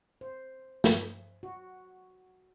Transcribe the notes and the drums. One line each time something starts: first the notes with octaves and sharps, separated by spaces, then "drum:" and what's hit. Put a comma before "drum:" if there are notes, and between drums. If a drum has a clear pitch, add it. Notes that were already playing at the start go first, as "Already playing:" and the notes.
C5
drum: snare
F#4